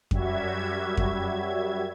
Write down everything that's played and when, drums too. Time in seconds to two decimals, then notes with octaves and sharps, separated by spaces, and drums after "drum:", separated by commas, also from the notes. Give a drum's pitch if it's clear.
0.11 F#2 G3 F#4 E5 G#6, drum: kick F2
0.97 drum: kick F2